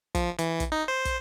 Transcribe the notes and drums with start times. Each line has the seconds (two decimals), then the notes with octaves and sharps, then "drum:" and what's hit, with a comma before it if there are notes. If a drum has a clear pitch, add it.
0.15 F3, drum: kick, hi-hat
0.39 E3, drum: hi-hat
0.60 drum: kick, hi-hat
0.72 D#4
0.88 C5
1.05 drum: kick, hi-hat